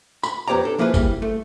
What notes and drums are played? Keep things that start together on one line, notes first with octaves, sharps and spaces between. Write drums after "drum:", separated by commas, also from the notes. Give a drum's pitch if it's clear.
B5, drum: tambourine
F2 B3 G4 C#5 D5 A#5
D4 A4
F3 A#3 E4 G#4 B4
G3 A#3 E4, drum: kick, tambourine
A3